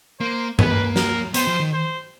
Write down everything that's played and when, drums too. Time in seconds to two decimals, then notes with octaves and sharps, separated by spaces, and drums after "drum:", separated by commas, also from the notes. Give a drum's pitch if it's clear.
0.20 A#3 C5
0.59 B3 B4, drum: tom G2
0.71 A#3
0.84 A#3
0.96 A#4, drum: snare
1.34 B3 C5, drum: hi-hat
1.47 F3
1.60 D#3
1.73 C5